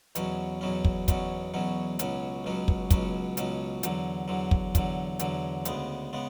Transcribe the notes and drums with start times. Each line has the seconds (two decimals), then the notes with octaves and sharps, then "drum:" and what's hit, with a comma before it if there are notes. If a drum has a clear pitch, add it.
0.15 E2 B2 F#3 C#4, drum: hi-hat
0.61 E2 B2 F#3 C#4
0.85 drum: kick
1.08 E2 B2 F#3 C#4, drum: kick, hi-hat
1.54 E2 B2 F#3 C#4
1.99 C#2 B2 F#3 C#4, drum: hi-hat
2.44 C#2 B2 F#3 C#4
2.68 drum: kick
2.90 C#2 B2 F#3 C#4, drum: kick, hi-hat
3.37 C#2 B2 F#3 C#4, drum: hi-hat
3.83 E2 D3 F#3, drum: hi-hat
4.28 E2 D3 F#3
4.51 drum: kick
4.75 E2 D3 F#3, drum: kick, hi-hat
5.19 E2 D3 F#3, drum: hi-hat
5.65 D2 C#3 G#3 B3, drum: hi-hat
6.13 C#3 G#3 B3